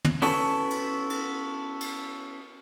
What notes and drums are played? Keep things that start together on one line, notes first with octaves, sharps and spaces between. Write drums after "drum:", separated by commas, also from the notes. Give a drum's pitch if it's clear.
drum: tom
B3 C#4 E4 F#4 A4 B4, drum: open hi-hat
drum: cymbal
drum: cymbal
drum: cymbal